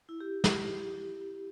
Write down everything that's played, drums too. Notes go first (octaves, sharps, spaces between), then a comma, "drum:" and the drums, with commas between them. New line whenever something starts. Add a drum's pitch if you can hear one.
E4
G4
drum: snare